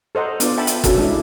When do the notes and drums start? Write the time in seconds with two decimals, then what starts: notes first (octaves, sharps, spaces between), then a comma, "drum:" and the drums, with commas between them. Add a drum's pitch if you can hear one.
0.15 A4 C5 D#5 F#5 A#5
0.40 B3 D4 F4 D5, drum: hi-hat
0.58 E5 G5 A5 B5
0.67 drum: hi-hat
0.84 C#4 D4 F#4 A4 A#4, drum: kick, hi-hat
0.98 G#3 D4 E4